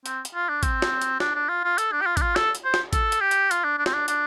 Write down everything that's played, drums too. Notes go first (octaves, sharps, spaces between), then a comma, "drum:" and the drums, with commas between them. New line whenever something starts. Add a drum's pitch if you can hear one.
C4, drum: hi-hat
drum: hi-hat
F4
D4
C4, drum: kick A1, hi-hat
drum: snare
drum: hi-hat
D4, drum: snare
D4
F4
F4
A4, drum: hi-hat
D4
G4
F4
D4, drum: kick A1, hi-hat
F4
A4, drum: snare
drum: hi-hat
C5
drum: snare
A4, drum: kick A1, hi-hat
drum: hi-hat
G4
drum: hi-hat
F4, drum: hi-hat
D4
D4
C4, drum: snare
D4
D4, drum: hi-hat